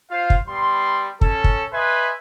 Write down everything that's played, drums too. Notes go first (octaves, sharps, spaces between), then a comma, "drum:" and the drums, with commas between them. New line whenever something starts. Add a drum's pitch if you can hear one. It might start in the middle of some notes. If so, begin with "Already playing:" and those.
F4 C5 F5
drum: kick
G3 B3 C6
C#4 A4, drum: kick
drum: kick
B4 D#5 E5 G#5 C6